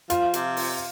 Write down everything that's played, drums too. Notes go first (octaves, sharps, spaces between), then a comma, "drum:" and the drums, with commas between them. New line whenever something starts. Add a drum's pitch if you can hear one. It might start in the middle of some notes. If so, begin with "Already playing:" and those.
F3 F4, drum: hi-hat
C3, drum: hi-hat
drum: open hi-hat